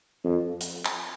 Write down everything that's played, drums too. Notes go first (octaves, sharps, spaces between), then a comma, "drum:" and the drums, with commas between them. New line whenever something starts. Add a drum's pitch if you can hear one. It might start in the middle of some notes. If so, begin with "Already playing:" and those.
F2
drum: hi-hat
drum: clap